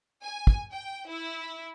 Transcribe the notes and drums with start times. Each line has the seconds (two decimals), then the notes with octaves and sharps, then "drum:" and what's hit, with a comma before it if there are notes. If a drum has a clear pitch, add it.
0.23 G#5
0.47 drum: kick
0.73 G5
1.09 E4